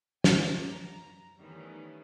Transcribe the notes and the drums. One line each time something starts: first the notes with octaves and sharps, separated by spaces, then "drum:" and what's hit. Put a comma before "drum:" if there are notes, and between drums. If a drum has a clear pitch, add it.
G5 G#5 D6, drum: snare
F#2 A#5
D#3 E3 G3 A3 B3 C#4